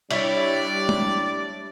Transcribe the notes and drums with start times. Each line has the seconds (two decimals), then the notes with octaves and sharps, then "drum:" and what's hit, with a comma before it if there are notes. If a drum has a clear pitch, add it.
0.11 G3 D4 E4 C#5 D5, drum: cymbal
0.89 drum: tom